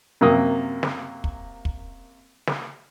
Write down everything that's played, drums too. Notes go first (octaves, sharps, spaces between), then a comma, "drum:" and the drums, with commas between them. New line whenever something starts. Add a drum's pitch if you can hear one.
F#2 C3 A#3 D#6
drum: snare
drum: kick
drum: kick
drum: snare